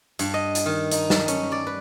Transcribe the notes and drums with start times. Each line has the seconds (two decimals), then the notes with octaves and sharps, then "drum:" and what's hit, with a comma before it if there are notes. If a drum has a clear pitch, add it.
0.19 G2, drum: hi-hat
0.34 D#5
0.55 drum: hi-hat
0.66 D#3
0.91 D#4, drum: hi-hat
1.10 A5, drum: snare
1.28 C#4, drum: hi-hat
1.52 D5
1.67 B4